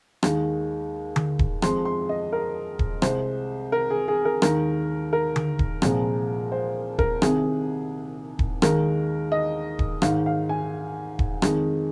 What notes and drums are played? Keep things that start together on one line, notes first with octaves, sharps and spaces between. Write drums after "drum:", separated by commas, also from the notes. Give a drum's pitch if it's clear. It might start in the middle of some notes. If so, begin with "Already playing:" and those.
D#2 D#3 G#3, drum: rim click
drum: tom D3
drum: kick D#1
F2 F3 G#3 C6, drum: rim click
C6
D#5
A#4
drum: kick D#1
C2 C3 G#3 C5, drum: rim click
A#4
G#4
G#4
A#4
D#2 D#3 G#3 A#4, drum: rim click
A#4
drum: tom D3
drum: kick D#1
C2 A#2 F3 G#3, drum: rim click
C5
A#4, drum: kick D#1
C2 C3 D#3 G#4, drum: rim click
drum: kick D#1
D#2 D#3 G#3 A#4, drum: rim click
D#5
drum: kick D#1
G#2 D#3 G#3 F5, drum: rim click
F5
G#5
drum: kick D#1
F2 D#3 G#3, drum: rim click